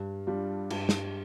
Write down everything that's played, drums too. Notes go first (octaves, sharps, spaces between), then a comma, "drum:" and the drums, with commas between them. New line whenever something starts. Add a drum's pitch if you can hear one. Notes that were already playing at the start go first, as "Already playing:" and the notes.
Already playing: G2
G3 D4 F4
G2, drum: cymbal
drum: snare